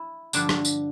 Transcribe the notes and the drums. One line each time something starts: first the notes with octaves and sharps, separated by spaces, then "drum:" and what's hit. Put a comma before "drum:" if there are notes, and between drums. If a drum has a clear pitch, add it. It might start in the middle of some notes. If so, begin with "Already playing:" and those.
Already playing: E4
G2 D3 F3 D4, drum: tambourine
drum: rim click
drum: tambourine